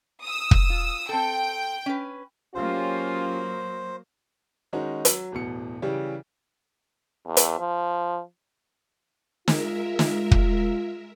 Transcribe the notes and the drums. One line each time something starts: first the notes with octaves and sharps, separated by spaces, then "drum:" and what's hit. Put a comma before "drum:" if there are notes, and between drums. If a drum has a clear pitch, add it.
D#6 E6
drum: kick
F4
C4 A4 G5
C#4 B4
F#3 A#3 C#4 F4 G4 C5
D#3 G#3 C#4 D#4 F#4
F#3, drum: hi-hat
D1 E2 B2 C#7
C#3 E3 G3 G4
E2
drum: hi-hat
F3
G#3 F4 A#4 E5, drum: snare
drum: snare
drum: kick